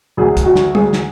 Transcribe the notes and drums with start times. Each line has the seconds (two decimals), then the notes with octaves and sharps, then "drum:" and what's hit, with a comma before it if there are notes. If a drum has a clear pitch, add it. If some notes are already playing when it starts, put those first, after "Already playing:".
0.17 D2 D3 F#3 D4 G#4
0.37 drum: kick, hi-hat
0.46 F#4
0.56 drum: snare
0.75 G#4, drum: tom
0.93 drum: snare